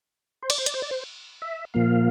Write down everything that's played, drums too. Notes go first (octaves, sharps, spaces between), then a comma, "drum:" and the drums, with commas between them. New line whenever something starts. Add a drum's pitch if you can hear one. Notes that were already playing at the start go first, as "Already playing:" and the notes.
C5
D5, drum: cymbal
C5
D5, drum: hi-hat
C5
D5
C5
E5
A#2 F3 A#3 F5